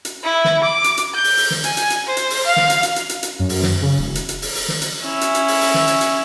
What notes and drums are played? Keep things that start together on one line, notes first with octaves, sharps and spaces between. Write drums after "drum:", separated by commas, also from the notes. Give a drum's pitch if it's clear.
drum: hi-hat
E4
drum: snare
D6
drum: hi-hat
drum: hi-hat
G6
drum: open hi-hat
drum: open hi-hat
drum: snare
G#5, drum: hi-hat
drum: hi-hat
drum: hi-hat
C5
drum: hi-hat
drum: open hi-hat
F5
drum: snare
drum: hi-hat
drum: hi-hat
drum: hi-hat
drum: hi-hat
drum: hi-hat
F#2
drum: open hi-hat
drum: snare
C#3
E1
drum: hi-hat
drum: hi-hat
drum: open hi-hat
drum: open hi-hat
drum: snare
drum: hi-hat
C#4 E4
drum: hi-hat
drum: hi-hat
drum: open hi-hat
drum: open hi-hat
drum: snare
drum: hi-hat
drum: hi-hat